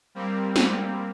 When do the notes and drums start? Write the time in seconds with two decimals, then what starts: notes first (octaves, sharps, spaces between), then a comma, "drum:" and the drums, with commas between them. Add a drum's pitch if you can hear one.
0.15 G3 A#3 C4
0.56 drum: snare